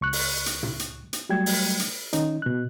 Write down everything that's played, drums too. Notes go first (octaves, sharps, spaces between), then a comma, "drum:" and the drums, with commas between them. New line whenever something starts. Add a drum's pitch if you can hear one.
C#2 C#6 F#6
drum: open hi-hat
drum: hi-hat
drum: tom
drum: hi-hat
drum: hi-hat
F#3 G3 A3 G5 G#6
drum: open hi-hat
drum: hi-hat
D#3 C#4 D#4, drum: hi-hat
B2 F#6